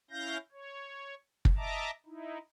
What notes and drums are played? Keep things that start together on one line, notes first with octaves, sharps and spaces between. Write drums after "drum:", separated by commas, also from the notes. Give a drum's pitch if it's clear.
C#4 E4 F5 G6 A#6
C#5
drum: kick
D#5 E5 A5 A#5 D6
D#4 E4